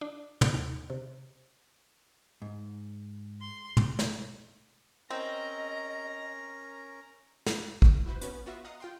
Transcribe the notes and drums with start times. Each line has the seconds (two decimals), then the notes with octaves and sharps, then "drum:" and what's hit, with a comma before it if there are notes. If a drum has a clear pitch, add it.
0.01 D4
0.41 A2, drum: tom
0.54 D#2
0.90 C3
2.42 G#2
3.41 C6
3.77 drum: tom
3.99 drum: snare
5.10 C4 C#4 A#4 D#5 A#5
7.46 drum: snare
7.82 drum: kick A1
8.06 E4 F#4 B4 C5
8.21 B3 C#4 F#4 B4, drum: hi-hat
8.46 B3 F4 F#4 E5
8.64 D#5 F5 F#5 A#5 D#6
8.80 F4 G5 C6